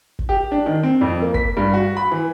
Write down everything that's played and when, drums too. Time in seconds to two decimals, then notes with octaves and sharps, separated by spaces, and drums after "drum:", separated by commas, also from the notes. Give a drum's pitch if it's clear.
0.19 drum: kick G1
0.29 G4
0.52 D4
0.66 D#3
0.83 C4
1.01 F2
1.22 A#3
1.34 B6, drum: kick G1
1.57 G2
1.74 F#4
1.97 B5
2.11 E3